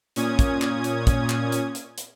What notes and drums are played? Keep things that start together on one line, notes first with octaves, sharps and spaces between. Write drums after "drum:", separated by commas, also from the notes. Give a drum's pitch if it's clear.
A#2 C#4 D#6 G#6, drum: hi-hat
drum: kick, hi-hat
drum: clap
drum: hi-hat
drum: kick, hi-hat
drum: clap
drum: hi-hat
drum: hi-hat
drum: hi-hat